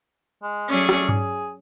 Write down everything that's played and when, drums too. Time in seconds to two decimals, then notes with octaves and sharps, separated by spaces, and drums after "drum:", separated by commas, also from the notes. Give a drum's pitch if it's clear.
0.43 G#3
0.69 F#3 A3 C#4 G#4 D5
0.89 drum: rim click
1.09 G#4, drum: tom G2